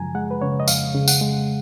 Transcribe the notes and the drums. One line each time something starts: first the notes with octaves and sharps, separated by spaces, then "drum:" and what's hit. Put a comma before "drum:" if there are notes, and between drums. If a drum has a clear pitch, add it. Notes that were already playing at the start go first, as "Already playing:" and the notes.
Already playing: F#2 C#3 F3 G#3 G#5 A#5
G#3 F#5
B4
C#3 C#5
D#5
F2 F5, drum: tambourine
C#3
F#5, drum: tambourine
G#3